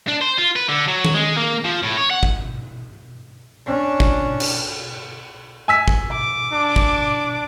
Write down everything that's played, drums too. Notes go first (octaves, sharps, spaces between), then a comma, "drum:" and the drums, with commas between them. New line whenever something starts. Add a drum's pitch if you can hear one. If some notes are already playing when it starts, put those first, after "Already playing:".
D4
C5
F4
B4
D3
F#3
drum: tom D#3
G#3
A#3
F3
A2
C#5
F#5
drum: kick
C#4 D4
drum: kick
drum: cymbal
G#5 E6 B6
drum: kick
D6
D4
drum: kick